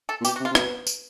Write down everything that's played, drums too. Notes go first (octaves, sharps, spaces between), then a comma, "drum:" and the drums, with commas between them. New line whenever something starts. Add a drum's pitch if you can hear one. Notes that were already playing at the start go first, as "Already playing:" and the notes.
A4
A#2
B2 G4, drum: tambourine
F#4
C3
F4
C3
B2 B3, drum: rim click
drum: tambourine